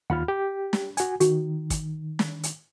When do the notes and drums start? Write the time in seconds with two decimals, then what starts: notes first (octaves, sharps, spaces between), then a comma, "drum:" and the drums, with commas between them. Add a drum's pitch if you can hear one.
0.10 D#2 F4 F#5 B5 F6
0.28 G4
0.73 drum: snare
0.97 F#4 G#5, drum: hi-hat
1.20 D#3 F#4, drum: hi-hat
1.70 drum: kick, hi-hat
2.19 drum: snare
2.43 drum: hi-hat